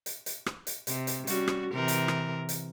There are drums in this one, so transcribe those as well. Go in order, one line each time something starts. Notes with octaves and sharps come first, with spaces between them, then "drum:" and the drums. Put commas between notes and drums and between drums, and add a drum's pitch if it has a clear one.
drum: hi-hat
drum: hi-hat
drum: rim click
drum: hi-hat
C3, drum: hi-hat
drum: hi-hat
G3 C#4 F#4, drum: hi-hat
drum: rim click
C3 E3 A#4
drum: hi-hat
drum: rim click
drum: hi-hat